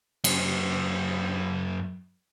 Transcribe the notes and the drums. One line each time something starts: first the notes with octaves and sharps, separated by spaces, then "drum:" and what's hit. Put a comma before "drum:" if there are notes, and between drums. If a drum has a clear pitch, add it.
F#2 G#4, drum: cymbal